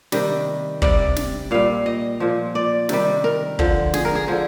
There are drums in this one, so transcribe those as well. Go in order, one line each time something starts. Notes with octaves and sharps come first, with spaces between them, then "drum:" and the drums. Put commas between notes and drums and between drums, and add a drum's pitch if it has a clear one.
C3 D#3 G3 D#5, drum: snare
C3 G3 D5, drum: kick
drum: snare
A#2 G3 F5
D#5
A#2 F3
D5
C3 D#3 G3, drum: snare
A#4
D3 F3, drum: kick
G#4, drum: snare
A#4
G#4
D3 F3